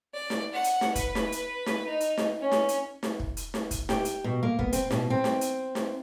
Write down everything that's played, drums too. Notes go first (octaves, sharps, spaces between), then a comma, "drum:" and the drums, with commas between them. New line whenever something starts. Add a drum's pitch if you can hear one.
D5
drum: snare
F#5
drum: hi-hat
drum: snare
B4, drum: kick, hi-hat
drum: snare
drum: hi-hat
drum: snare
D#4
drum: hi-hat
drum: snare
C#4
drum: snare
drum: hi-hat
drum: snare
drum: kick
drum: hi-hat
drum: snare
drum: kick, hi-hat
G4, drum: snare
drum: hi-hat
B2
A#3
B3, drum: kick
C4, drum: hi-hat
B2, drum: snare
C4
drum: snare
drum: hi-hat
drum: snare